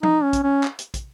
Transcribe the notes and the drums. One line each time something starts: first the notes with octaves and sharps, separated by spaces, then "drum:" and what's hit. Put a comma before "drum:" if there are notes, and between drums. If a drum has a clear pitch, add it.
D#4, drum: tom
C#4
drum: kick, hi-hat
C#4
drum: clap
drum: hi-hat
drum: kick, hi-hat